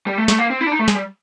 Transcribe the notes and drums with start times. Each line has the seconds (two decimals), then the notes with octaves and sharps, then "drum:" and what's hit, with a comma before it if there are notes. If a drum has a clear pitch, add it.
0.07 G3
0.18 A3
0.28 A3, drum: snare
0.39 A#3
0.50 C4
0.61 E4
0.66 D4
0.72 D#4
0.79 A3
0.88 G#3, drum: snare
0.95 G3